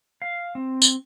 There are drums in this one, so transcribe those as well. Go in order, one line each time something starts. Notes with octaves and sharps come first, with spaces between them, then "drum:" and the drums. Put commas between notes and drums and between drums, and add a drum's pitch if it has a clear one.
F5
C4
drum: tambourine